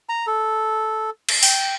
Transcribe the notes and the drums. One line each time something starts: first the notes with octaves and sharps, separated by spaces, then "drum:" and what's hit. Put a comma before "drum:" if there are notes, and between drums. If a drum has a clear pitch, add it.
A#5
A4
drum: cymbal
G5, drum: open hi-hat